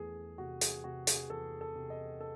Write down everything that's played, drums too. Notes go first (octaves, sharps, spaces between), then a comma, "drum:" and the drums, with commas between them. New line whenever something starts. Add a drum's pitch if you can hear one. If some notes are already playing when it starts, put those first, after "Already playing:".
Already playing: E2 A3 G#4
C3 F#4
G#4, drum: hi-hat
C3 F#4
G#4, drum: hi-hat
E2 A4
A4
C3
D#5
A4